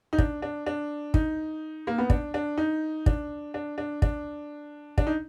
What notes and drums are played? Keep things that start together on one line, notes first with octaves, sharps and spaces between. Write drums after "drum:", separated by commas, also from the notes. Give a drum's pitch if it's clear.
D#4
D4, drum: kick
D4
D4
D#4, drum: kick
A#3
B3
D4, drum: kick
D4
D#4
D4, drum: kick
D4
D4
D4, drum: kick
D4, drum: kick
D#4